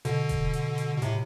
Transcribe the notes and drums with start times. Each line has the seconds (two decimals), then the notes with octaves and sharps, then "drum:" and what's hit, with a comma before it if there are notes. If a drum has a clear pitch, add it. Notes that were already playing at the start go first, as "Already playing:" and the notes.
0.05 B2 D3, drum: hi-hat
0.29 drum: kick E1, hi-hat
0.53 drum: hi-hat
0.78 drum: hi-hat
0.97 B2
1.02 A2 C3, drum: hi-hat